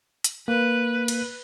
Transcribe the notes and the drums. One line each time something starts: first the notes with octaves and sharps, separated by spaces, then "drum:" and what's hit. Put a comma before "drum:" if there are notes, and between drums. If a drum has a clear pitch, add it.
drum: hi-hat
A#3 B4
drum: cymbal